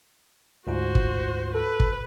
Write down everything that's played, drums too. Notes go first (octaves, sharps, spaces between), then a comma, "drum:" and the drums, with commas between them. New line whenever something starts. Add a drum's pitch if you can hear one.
D2 G#2 F4 F#4 C5
drum: kick
A4 B4
drum: kick